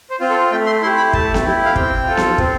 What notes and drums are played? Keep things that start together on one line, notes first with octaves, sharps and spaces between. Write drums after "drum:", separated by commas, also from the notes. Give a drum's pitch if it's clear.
C5
C4 F4
A4
A3 G5
C6
E4 G4 C6
B5
A3 A5, drum: kick
drum: snare B3
E4 G4
F5
C4 G5, drum: kick
F4 A4
drum: snare B3
C4, drum: kick